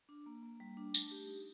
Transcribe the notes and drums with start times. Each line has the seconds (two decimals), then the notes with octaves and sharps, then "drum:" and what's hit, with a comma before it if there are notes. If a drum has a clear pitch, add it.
0.09 D4
0.26 A#3
0.43 A#3
0.60 G3
0.77 D4
0.94 A3, drum: tambourine
1.11 G4
1.28 D#4